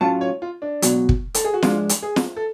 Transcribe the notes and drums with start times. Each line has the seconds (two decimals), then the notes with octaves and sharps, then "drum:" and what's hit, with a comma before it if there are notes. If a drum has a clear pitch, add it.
0.01 A2 F#3 C#4 F4 A5
0.21 C#5
0.42 F4
0.62 D4
0.82 C#2 B2 F#3, drum: hi-hat
1.09 drum: kick
1.34 A4, drum: hi-hat
1.44 G#4
1.54 F#4
1.63 G#2 F3 G#3 D4 F4, drum: snare
1.89 drum: hi-hat
2.03 G#4
2.16 drum: snare
2.36 A4